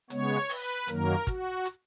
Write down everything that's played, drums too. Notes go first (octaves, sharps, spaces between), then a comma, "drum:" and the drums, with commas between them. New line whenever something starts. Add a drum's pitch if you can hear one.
C#3 G#3 B3 C#5, drum: hi-hat
B4, drum: open hi-hat
F#2 D#3 F#3 A#3 A#4, drum: hi-hat
F#4, drum: kick, hi-hat
drum: hi-hat